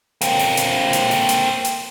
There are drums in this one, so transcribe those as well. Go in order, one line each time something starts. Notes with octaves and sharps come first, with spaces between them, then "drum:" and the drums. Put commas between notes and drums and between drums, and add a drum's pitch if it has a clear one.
A#3 C4, drum: hi-hat
drum: open hi-hat
drum: hi-hat
drum: hi-hat
drum: open hi-hat
drum: hi-hat
drum: hi-hat